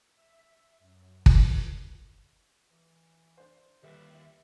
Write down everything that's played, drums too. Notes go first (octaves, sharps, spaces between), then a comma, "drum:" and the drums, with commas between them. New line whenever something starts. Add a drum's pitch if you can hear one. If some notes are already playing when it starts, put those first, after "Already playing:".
E5
F#2
drum: kick
E3
D4 C5
D#2 G3 G4 B4 E5